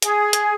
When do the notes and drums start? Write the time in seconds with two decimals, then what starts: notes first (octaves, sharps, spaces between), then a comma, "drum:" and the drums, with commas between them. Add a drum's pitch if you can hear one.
0.02 G#4, drum: hi-hat
0.33 drum: hi-hat